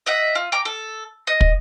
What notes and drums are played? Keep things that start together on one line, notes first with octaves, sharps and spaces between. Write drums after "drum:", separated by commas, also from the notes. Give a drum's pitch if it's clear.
D#5 E5 F#5
F4
G5 A#5 D6
A4
D#5
drum: kick